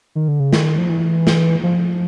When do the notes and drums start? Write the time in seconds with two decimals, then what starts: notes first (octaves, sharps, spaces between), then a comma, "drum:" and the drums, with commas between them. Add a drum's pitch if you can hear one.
0.15 D#3
0.28 D3
0.40 C#3
0.53 D#3, drum: snare
0.78 F3
0.89 E3
1.27 drum: snare
1.63 F3